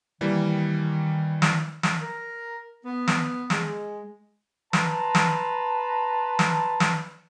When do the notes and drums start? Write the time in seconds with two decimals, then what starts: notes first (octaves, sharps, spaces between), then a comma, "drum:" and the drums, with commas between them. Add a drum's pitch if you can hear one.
0.21 D#3 E3 G3 A#3
1.42 drum: snare
1.83 drum: snare
2.01 A#4
2.86 B3
3.08 drum: snare
3.50 G#3, drum: snare
4.73 B4 A5 A#5 C6, drum: snare
5.15 drum: snare
6.39 drum: snare
6.80 drum: snare